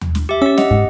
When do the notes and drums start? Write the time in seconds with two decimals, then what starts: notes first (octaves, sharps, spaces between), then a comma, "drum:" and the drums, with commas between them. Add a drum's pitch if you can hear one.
0.01 drum: tom D#2
0.15 drum: snare
0.29 G4 E5
0.42 C#4 G4 E6
0.57 D#5 F#5, drum: snare
0.71 G#2, drum: kick